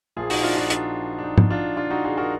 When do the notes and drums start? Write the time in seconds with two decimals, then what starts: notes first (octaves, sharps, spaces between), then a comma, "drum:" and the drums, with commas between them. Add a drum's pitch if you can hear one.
0.16 A#1 A#2 F3 A#3 F4 G#4
0.30 D#4 F#4, drum: open hi-hat
0.43 D4 F4
0.57 D4 F4
0.70 D4, drum: hi-hat
1.19 D4
1.24 D#4
1.38 drum: tom G#2
1.50 D4 F4
1.77 D4 F4
1.90 D#4 F#4
2.04 F4 G#4
2.18 F#4 A#4